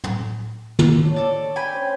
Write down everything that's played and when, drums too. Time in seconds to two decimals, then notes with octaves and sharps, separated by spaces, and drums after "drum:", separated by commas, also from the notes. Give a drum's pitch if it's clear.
0.04 drum: tom
0.79 drum: tom
1.03 D4 C#5
1.16 A4 D5
1.56 G5 G#5 B5
1.73 C#4 C5 C#5